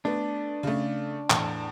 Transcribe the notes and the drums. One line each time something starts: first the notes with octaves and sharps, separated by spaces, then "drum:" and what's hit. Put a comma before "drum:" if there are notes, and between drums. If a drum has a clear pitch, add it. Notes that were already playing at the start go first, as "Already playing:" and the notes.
A3 B3 D4
C#3 A3
E2 A2, drum: clap